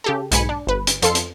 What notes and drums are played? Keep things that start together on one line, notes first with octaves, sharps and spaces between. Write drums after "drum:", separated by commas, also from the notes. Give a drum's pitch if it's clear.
C#3 G4 A4
B1 G#2 G#5 B5 C#7, drum: hi-hat
D4
G1 B4
drum: hi-hat
F2 F4 A4 C6 C7 C#7, drum: hi-hat
drum: hi-hat